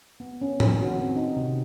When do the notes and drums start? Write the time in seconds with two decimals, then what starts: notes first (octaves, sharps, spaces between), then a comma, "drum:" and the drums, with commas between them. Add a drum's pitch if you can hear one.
0.20 B3
0.42 C#4
0.60 D#3, drum: tom A2
0.82 F#4
0.99 C4
1.16 D#4
1.37 C3